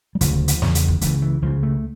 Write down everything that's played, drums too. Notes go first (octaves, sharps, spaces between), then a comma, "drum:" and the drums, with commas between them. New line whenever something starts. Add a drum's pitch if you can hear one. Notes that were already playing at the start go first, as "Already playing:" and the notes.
G3
D2 C#3 F3, drum: kick, hi-hat
drum: hi-hat
E2 C#3, drum: snare
drum: hi-hat
drum: kick
C#2 C#3 E3, drum: hi-hat
E3
C#2 C#3 F3
A3